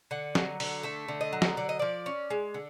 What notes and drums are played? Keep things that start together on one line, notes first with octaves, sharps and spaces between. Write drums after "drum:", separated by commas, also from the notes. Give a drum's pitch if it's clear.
D3 F#5
F#3, drum: snare
D3, drum: open hi-hat
A3 E5
D3
D#5
F#3
drum: snare
D3 D5
D#5
F3 D5
C#4
G#3
D3